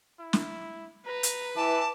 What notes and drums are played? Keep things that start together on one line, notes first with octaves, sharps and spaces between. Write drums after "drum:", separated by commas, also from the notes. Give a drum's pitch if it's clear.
E4
drum: snare
B4 A#5
drum: hi-hat
E3 A5 D6